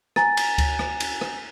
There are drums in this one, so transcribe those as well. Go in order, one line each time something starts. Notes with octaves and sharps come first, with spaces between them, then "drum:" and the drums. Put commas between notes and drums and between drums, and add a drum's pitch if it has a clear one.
G#5 A#5 A6, drum: rim click
drum: cymbal
drum: kick D2, cymbal
drum: rim click
drum: cymbal
drum: rim click